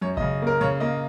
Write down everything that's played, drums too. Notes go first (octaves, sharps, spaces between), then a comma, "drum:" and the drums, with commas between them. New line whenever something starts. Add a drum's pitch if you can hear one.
F#2 C#5
D#5, drum: kick G#1
C#3
A#3 A#4
C#3 C#5
A#3 D#5